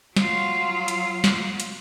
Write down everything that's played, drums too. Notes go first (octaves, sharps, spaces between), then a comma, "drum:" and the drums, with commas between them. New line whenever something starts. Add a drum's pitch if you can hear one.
F#3 F4, drum: snare
drum: hi-hat
drum: snare
drum: hi-hat